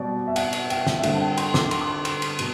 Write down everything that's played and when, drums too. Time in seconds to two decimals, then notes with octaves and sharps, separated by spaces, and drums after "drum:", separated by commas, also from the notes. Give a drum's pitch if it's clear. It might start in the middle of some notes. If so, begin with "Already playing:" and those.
Already playing: B2 G3 C4 D5
0.28 E5
0.36 F#5, drum: cymbal
0.53 drum: cymbal
0.70 G5, drum: cymbal
0.87 drum: snare
0.99 E5
1.03 D3 G3 C4 F#5, drum: cymbal
1.15 A5
1.21 G5
1.37 C6, drum: cymbal
1.54 D6, drum: snare
1.71 C6, drum: cymbal
1.81 D6
1.91 C6
2.05 C6, drum: cymbal
2.22 drum: cymbal
2.39 B2, drum: cymbal